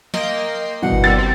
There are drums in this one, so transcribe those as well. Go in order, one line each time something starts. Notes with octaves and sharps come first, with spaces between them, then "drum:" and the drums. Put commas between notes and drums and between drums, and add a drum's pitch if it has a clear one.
A#3 D#5 G5 C6, drum: snare
G2 B2 E3 F#5
drum: kick G1
G3 C4 A#4 E6 A6
C3 C4